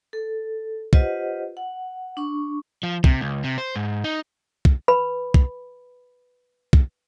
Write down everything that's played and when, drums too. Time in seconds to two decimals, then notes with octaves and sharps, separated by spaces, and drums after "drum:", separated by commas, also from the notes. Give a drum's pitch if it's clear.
0.13 A4
0.93 F4 G4 B4 C5 D#5 F#5, drum: kick
1.57 F#5
2.17 D4 C#6
2.83 F3
3.04 C3, drum: kick
3.21 C#2
3.44 C3
3.58 C5
3.76 G#2
4.04 D#4
4.65 drum: kick
4.88 B4 B5
5.34 drum: kick
6.73 drum: kick